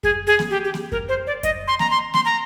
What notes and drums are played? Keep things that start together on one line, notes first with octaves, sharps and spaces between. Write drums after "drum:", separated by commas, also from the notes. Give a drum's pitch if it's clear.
G#4, drum: kick F#2
G#4
drum: snare A#3
G4
G4
drum: snare A#3
A#4, drum: kick F#2
C5
D5
D#5, drum: kick F#2, hi-hat
C6
A#5, drum: snare A#3
C6
C6, drum: snare A#3
A#5